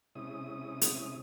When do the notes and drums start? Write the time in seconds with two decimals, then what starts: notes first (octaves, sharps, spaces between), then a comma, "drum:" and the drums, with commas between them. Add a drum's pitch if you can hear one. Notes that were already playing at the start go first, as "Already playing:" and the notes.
0.15 C3 G#3 C#4 E4 D#6
0.81 drum: hi-hat